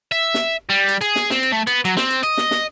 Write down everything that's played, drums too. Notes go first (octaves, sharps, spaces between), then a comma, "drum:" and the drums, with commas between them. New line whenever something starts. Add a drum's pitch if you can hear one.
E5
drum: snare
G3
drum: hi-hat
G#4, drum: hi-hat
drum: snare
C4, drum: snare
drum: hi-hat
A3
B3, drum: hi-hat
F#3, drum: hi-hat
C4, drum: snare
drum: hi-hat
D#5, drum: hi-hat
drum: snare
drum: snare